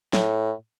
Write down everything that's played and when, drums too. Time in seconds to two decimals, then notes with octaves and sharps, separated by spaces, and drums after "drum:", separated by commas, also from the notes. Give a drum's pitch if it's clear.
0.13 A2, drum: snare